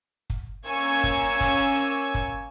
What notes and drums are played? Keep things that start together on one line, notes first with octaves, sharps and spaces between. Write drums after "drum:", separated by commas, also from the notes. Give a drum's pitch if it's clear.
drum: kick, hi-hat
A#3 C#4 G#5 C#6 E6 G#6, drum: hi-hat
drum: kick, hi-hat
drum: kick, hi-hat
drum: hi-hat
drum: kick, hi-hat